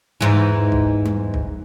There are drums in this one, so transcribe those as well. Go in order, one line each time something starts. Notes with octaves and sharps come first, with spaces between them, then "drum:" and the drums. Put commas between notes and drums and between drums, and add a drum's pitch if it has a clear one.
E2 G#2 E3
drum: kick
drum: tom G3
drum: kick